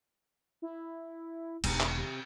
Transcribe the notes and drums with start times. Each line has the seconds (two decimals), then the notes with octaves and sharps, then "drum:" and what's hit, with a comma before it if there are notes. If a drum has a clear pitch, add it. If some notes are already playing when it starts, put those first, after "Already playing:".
0.62 E4
1.64 E1 G2 D#3, drum: cymbal
1.80 drum: clap
1.97 C3